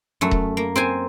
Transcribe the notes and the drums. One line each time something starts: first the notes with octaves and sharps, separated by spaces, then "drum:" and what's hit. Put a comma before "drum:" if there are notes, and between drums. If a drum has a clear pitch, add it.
F#2 A3
drum: kick D#1
A#3
C4 C5 G#5